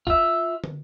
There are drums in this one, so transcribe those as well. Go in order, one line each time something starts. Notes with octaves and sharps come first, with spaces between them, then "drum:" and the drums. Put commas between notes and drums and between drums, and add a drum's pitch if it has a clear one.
F4 E5, drum: kick F1
drum: tom